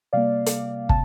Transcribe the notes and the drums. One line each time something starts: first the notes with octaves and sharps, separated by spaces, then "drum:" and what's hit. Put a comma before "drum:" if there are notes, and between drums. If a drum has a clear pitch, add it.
C3 G3 A#3 D5 F5
drum: hi-hat
C3 A5, drum: kick